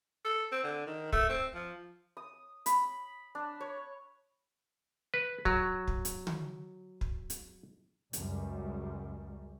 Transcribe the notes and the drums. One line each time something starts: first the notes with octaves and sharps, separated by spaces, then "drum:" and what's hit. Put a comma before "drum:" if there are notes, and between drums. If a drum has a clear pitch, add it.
A4
C4
D3
D#3
A3, drum: kick
C4
F3
D#6
B5, drum: hi-hat
D4
C#5
B4
F#3, drum: kick
drum: kick
drum: hi-hat
drum: tom D3
drum: kick
drum: hi-hat
C#2 F#2 G3, drum: hi-hat